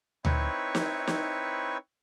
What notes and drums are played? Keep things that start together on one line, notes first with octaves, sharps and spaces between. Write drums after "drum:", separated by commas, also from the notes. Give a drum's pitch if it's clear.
C4 D#4 E4 B4 C#5 C#6, drum: tom D2
drum: snare
drum: snare